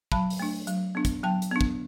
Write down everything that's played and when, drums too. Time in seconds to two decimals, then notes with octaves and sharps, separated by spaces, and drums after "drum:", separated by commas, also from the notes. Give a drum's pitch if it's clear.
0.12 F#3 A5 B5, drum: kick
0.30 drum: open hi-hat
0.39 A3 D4
0.67 F#3, drum: hi-hat
0.95 B3 D4
1.05 drum: kick, hi-hat
1.23 F#3 G5 A5
1.42 drum: hi-hat
1.52 B3 D4
1.61 drum: kick